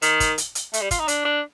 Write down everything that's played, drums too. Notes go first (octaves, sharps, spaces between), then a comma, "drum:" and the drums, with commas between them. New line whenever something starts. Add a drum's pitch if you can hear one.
D#3, drum: hi-hat
drum: kick, hi-hat
drum: hi-hat
drum: hi-hat
A3, drum: hi-hat
G3
F4, drum: kick, hi-hat
D#4
D4, drum: hi-hat
D4